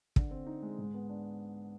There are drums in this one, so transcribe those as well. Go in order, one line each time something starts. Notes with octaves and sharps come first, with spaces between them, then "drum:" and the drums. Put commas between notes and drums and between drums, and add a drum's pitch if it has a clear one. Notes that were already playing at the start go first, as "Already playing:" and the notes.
D3, drum: kick
C4
D#4
G#3
G#2
B3
D4